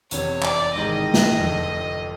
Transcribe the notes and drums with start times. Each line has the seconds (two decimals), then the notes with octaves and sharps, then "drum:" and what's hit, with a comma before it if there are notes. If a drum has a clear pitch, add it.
0.11 F1 E2 C3 C#5, drum: hi-hat
0.43 D5, drum: clap
0.75 A1 G#2 D#3 G#3 D#5
1.14 drum: snare
1.38 F1 F2 D3 F3 A3